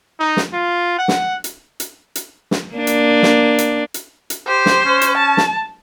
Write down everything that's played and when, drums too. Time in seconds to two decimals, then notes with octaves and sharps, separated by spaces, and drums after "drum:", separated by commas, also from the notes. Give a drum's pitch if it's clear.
0.20 D#4
0.37 drum: snare
0.53 F4
0.98 F#5
1.08 drum: snare
1.44 drum: hi-hat
1.80 drum: hi-hat
2.15 drum: hi-hat
2.51 drum: snare
2.74 A#3 D4
2.87 drum: hi-hat
3.23 drum: snare
3.58 drum: hi-hat
3.94 drum: hi-hat
4.30 drum: hi-hat
4.48 G4 C5
4.66 drum: snare
4.85 C#4
5.01 drum: hi-hat
5.17 A5
5.37 drum: snare